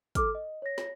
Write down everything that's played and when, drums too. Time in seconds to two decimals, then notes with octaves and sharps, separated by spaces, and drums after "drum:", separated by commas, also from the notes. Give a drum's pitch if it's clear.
0.15 A4 D6 F6, drum: kick, hi-hat
0.35 D#5
0.62 C#5 A#6
0.78 drum: snare